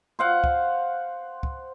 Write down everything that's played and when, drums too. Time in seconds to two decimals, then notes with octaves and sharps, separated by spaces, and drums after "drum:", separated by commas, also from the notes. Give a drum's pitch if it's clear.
0.19 C5 F5 F#5
0.44 drum: kick
1.43 drum: kick